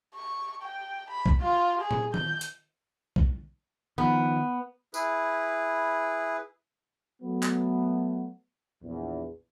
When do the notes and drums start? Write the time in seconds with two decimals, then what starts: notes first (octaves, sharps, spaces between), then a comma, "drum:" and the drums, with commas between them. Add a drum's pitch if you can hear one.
0.15 C#6
0.62 G5
1.10 B5
1.26 drum: kick B1
1.41 F4
1.81 G#4
1.91 drum: tom A#2
2.14 G6, drum: tom D#3
2.41 drum: hi-hat
3.16 drum: kick B1
3.98 D#3 F3 B3
4.94 E4 G#4 B4, drum: tambourine
7.22 F#3 A3 B3
7.43 drum: clap
8.82 A#1 E2